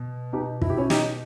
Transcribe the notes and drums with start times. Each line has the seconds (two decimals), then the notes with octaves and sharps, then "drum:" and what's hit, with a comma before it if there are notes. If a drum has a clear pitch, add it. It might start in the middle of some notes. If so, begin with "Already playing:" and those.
Already playing: B2
0.33 B2 D#4 G4
0.62 E4, drum: kick
0.70 G4
0.77 C#4 E4
0.90 D#4 G4, drum: snare